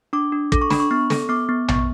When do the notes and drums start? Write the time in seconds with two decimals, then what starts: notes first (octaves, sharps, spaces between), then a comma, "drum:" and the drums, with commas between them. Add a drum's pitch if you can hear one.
0.13 D4 D6
0.32 D4
0.52 A4 D6, drum: kick
0.62 C#6
0.70 D4 B5, drum: snare
0.80 C#6
0.91 B3 C#6
1.10 A4, drum: snare
1.29 B3 D6
1.49 B3
1.68 B3 C#6, drum: tom A#1